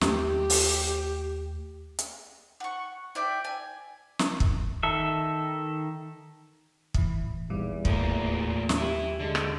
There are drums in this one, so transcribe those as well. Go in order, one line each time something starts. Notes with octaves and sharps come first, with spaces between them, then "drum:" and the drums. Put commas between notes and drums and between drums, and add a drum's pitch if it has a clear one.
D#2 A3 G4, drum: snare
drum: open hi-hat
drum: hi-hat
F#5 C#6
E4 D5 G5
G#5
drum: snare
drum: kick
D#3 A4 E5
A2 E3, drum: kick
G#1 E2 A#2 G3
D#2 A2 A#3, drum: kick
drum: snare
E3 E4 G4
D3 G#3
drum: rim click